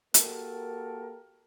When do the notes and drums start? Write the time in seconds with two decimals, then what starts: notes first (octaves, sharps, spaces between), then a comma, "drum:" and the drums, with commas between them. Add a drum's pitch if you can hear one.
0.14 A#3 F#4 G4 A4 A#4, drum: hi-hat